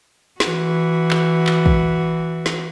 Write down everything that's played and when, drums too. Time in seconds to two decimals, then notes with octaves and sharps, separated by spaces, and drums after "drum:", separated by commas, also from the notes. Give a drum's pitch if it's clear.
0.40 E3 F#4, drum: snare
1.11 drum: clap
1.47 drum: clap
1.66 drum: kick
2.46 drum: snare